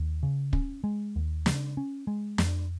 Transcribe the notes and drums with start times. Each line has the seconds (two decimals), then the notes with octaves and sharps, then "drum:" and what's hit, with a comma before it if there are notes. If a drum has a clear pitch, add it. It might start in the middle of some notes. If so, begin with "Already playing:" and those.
Already playing: D#2
0.23 C#3
0.53 C#4, drum: kick
0.84 G#3
1.16 D#2
1.46 C#3, drum: snare
1.77 C#4
2.07 G#3
2.38 F2, drum: snare